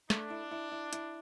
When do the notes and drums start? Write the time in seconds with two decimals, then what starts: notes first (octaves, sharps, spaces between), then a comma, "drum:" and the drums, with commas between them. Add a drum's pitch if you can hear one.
0.10 A3 D4, drum: snare
0.30 E4
0.51 E4
0.72 E4
0.93 E4, drum: hi-hat